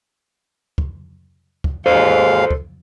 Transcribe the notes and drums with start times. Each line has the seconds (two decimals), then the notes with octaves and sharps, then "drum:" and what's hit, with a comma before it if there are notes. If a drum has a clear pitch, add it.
0.78 drum: kick
1.64 drum: kick
1.86 D#2 G#2 A4 C5 F5
2.51 drum: kick